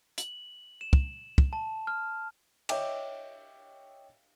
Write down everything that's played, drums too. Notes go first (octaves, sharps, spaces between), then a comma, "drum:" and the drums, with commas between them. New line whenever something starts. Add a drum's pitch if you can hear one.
F#7, drum: hi-hat
E7
drum: kick
drum: kick
A5
F6
C#5 D#5 E5 G5 D6, drum: cymbal